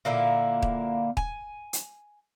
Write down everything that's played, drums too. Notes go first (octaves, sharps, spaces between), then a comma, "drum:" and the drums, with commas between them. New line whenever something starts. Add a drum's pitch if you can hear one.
A#2 D3 A#3 E4
drum: kick D#1
G#5, drum: kick D#1
drum: hi-hat